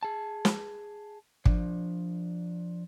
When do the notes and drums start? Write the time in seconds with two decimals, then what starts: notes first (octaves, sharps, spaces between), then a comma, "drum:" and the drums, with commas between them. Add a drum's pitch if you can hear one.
0.03 G#4 A5
0.45 drum: snare
1.46 F3 D4, drum: kick